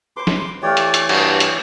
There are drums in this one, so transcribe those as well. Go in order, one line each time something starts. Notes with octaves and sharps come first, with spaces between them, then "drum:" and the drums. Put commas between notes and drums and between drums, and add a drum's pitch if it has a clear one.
B4 C5 C6 D6
drum: snare
E3 A3 G4 C#5 D5 F5
drum: hi-hat
drum: hi-hat
G2 A#3 F#4, drum: cymbal
drum: hi-hat